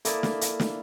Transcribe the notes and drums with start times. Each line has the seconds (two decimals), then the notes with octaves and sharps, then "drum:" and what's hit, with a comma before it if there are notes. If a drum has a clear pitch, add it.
0.05 A#3 E4 A4 D5, drum: hi-hat
0.23 drum: snare
0.41 drum: hi-hat
0.60 drum: snare